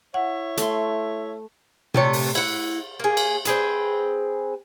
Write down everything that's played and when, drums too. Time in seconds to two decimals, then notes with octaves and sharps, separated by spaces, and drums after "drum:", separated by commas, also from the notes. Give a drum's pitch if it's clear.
0.14 E4 C#5 E5 F#5
0.57 A3 C6, drum: hi-hat
1.94 C3 A3 C#5, drum: tom A#2
2.13 drum: open hi-hat
2.35 E4 F#5, drum: cymbal
3.00 A#3 G#4
3.17 drum: cymbal
3.45 C4 G#4 B4, drum: hi-hat